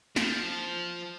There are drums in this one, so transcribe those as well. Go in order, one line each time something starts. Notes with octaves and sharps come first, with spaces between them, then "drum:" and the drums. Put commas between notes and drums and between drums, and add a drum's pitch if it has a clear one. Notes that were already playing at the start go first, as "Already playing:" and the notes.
F3, drum: snare